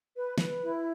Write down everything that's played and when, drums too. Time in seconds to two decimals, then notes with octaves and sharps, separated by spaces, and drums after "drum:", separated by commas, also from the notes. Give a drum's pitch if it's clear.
0.15 B4
0.38 B4, drum: snare
0.62 E4